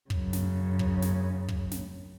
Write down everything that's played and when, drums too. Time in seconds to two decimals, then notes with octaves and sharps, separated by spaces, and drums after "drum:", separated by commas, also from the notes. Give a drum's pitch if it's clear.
0.10 F#2 C#3, drum: kick
0.33 drum: snare
0.79 drum: kick
1.02 drum: snare
1.48 drum: kick
1.72 drum: snare